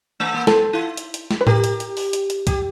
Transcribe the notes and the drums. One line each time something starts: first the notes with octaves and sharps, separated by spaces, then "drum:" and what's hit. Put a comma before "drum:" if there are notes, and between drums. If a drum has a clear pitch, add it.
A3
A#3
B3 A4, drum: snare
E4
drum: hi-hat
drum: hi-hat
drum: snare
B4
G4 A#4, drum: tom A2
drum: hi-hat
drum: hi-hat
drum: open hi-hat
drum: hi-hat
drum: hi-hat
G4, drum: kick C2, hi-hat